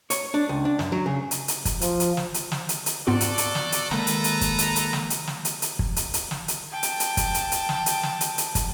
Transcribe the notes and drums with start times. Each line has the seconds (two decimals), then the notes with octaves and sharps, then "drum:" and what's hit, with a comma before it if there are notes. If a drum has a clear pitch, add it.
0.10 C#5, drum: hi-hat
0.34 D4
0.49 C#2
0.65 D4
0.79 F#2, drum: snare
0.92 F#3
1.06 C#3
1.31 drum: hi-hat
1.48 drum: hi-hat
1.65 drum: kick, hi-hat
1.81 F3, drum: hi-hat
2.00 drum: hi-hat
2.17 drum: snare
2.34 drum: hi-hat
2.52 drum: snare
2.69 drum: hi-hat
2.86 drum: hi-hat
3.07 G#2 B3 F4 F#4 A4 D5
3.21 drum: hi-hat
3.38 drum: hi-hat
3.55 drum: snare
3.72 drum: hi-hat
3.91 D#3 G#3 A#3 A4 B4 A#5, drum: snare
4.07 drum: hi-hat
4.24 drum: hi-hat
4.41 drum: kick, hi-hat
4.58 drum: hi-hat
4.76 drum: hi-hat
4.93 drum: snare
5.10 drum: hi-hat
5.27 drum: snare
5.45 drum: hi-hat
5.62 drum: hi-hat
5.79 drum: kick
5.96 drum: hi-hat
6.14 drum: hi-hat
6.31 drum: snare
6.48 drum: hi-hat
6.71 G5 A5
6.83 drum: hi-hat
7.00 drum: hi-hat
7.17 drum: kick, hi-hat
7.34 drum: hi-hat
7.52 drum: hi-hat
7.69 drum: snare
7.86 drum: hi-hat
8.03 drum: snare
8.21 drum: hi-hat
8.38 drum: hi-hat
8.55 drum: kick, hi-hat